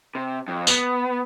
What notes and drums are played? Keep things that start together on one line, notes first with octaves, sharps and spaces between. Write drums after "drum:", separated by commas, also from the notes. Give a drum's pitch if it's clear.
C3
F2
B3, drum: tambourine